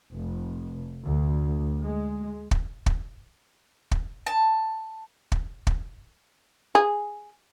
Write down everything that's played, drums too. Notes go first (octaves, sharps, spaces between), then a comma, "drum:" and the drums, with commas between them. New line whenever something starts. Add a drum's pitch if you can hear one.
F1
D2
G#3
drum: kick
drum: kick
drum: kick
A5
drum: kick
drum: kick
G#4